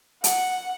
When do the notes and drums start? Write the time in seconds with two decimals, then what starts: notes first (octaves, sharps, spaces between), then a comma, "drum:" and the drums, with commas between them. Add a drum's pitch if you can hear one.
0.24 F#5, drum: hi-hat